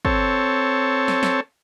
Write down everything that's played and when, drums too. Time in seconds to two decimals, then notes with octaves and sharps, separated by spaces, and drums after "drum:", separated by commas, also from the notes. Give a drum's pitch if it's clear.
0.05 C4 A4 C#5, drum: kick
1.08 drum: snare
1.23 drum: snare